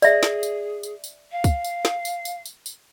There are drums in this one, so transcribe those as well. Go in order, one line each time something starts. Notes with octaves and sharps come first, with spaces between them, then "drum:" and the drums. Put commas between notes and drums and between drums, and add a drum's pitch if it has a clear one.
G#4 D5 E5, drum: tambourine
drum: snare
drum: tambourine
drum: tambourine
drum: tambourine
F5
drum: kick, tambourine
drum: tambourine
drum: snare
drum: tambourine
drum: tambourine
drum: tambourine
drum: tambourine